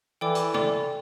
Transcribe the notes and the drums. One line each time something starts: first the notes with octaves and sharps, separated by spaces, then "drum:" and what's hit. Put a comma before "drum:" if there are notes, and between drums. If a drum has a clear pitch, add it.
E3 A4 D5 G5 D6
drum: hi-hat
A4 D5 G5 D6, drum: tom